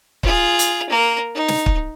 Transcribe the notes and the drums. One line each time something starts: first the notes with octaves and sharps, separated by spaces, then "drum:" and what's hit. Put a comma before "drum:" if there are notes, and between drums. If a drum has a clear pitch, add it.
F4 G#4, drum: kick
drum: hi-hat
A#3 A#4
D#4
drum: snare
drum: kick